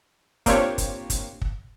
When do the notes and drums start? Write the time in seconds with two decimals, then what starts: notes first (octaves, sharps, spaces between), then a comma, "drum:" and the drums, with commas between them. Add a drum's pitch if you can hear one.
0.46 A#3 C4 D4 F4 G4 C#5, drum: kick, hi-hat
0.78 drum: kick, hi-hat
1.10 drum: kick, hi-hat
1.42 drum: kick